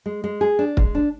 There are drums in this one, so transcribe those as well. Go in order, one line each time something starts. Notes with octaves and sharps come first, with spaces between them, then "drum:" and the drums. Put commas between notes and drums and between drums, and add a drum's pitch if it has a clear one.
G#3
G#3
G#4
D4
G#3, drum: kick
D4